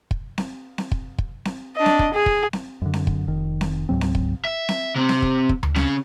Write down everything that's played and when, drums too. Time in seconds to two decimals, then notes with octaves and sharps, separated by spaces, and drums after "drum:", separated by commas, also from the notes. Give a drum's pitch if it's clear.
0.11 drum: kick
0.38 drum: snare C4
0.78 drum: snare C4
0.92 drum: kick
1.18 drum: kick
1.45 drum: snare C4
1.76 D4 D#5
1.86 drum: snare C4
1.99 drum: kick
2.14 G#4
2.26 drum: kick
2.53 drum: snare C4
2.82 F#2 D3
2.93 drum: snare C4
3.07 drum: kick
3.27 F1 D#3
3.61 drum: snare C4
3.89 C#2 G#2 F#3 C4
4.01 drum: snare C4
4.15 drum: kick
4.45 E5
4.69 drum: snare C4
4.95 C3 C4
5.09 drum: snare C4
5.22 drum: kick
5.49 drum: kick
5.63 drum: tom D2
5.76 C#3 C#4, drum: snare C4